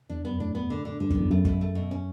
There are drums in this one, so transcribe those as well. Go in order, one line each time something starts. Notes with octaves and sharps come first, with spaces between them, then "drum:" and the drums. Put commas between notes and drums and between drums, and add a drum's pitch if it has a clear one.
E2 D4
F#2 B3
A2 D4
B3
D3
D3
G2 D3
F#2 B3, drum: kick
E2
F#2 A3
B2, drum: kick
A3
B2
C#4